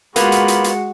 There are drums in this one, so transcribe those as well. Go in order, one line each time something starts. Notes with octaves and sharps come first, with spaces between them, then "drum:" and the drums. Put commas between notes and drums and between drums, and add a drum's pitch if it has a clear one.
G#3 A#3 B3 F4 F#4 B5 D6, drum: hi-hat
drum: hi-hat
drum: hi-hat
drum: hi-hat